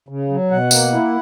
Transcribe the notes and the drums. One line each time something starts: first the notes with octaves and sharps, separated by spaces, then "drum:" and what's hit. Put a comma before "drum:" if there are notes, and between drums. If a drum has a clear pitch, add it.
C#3
F#3
B2 F#5
A#3, drum: tambourine
E4